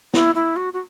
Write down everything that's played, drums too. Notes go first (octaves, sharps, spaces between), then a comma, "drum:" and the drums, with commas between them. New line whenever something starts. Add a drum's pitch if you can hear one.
E4, drum: snare
E4
F#4
F#4